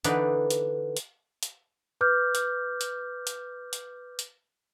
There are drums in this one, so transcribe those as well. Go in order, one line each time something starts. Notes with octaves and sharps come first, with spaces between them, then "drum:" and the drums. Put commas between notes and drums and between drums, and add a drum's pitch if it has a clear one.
D3 E3 D#4 B4 D5, drum: hi-hat
drum: hi-hat
drum: hi-hat
drum: hi-hat
B4 D6 F6 G6
drum: hi-hat
drum: hi-hat
drum: hi-hat
drum: hi-hat
drum: hi-hat